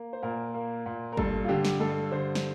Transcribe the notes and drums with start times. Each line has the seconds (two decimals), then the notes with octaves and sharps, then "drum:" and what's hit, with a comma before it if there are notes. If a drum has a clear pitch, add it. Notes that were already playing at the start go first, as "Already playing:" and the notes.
Already playing: A#3
0.13 C5
0.22 A#2 A#4
0.54 A#3
0.86 A#2
1.12 A#4
1.17 G2 A4, drum: kick G1
1.45 F4
1.48 D3 G4
1.65 drum: snare
1.80 G2 A4
2.12 D3 C5
2.35 drum: snare